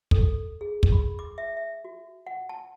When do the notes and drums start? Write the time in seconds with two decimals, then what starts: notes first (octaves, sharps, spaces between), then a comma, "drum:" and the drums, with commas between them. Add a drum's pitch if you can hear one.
0.11 A4, drum: kick
0.61 G#4
0.83 drum: kick
0.92 B5
1.19 D6
1.38 E5
1.57 E5
1.85 F#4
2.27 F#5
2.49 A5